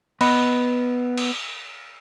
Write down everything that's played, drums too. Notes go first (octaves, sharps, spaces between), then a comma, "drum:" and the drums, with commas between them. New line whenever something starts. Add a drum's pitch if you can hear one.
B3 B4 D#5 B5, drum: cymbal
drum: cymbal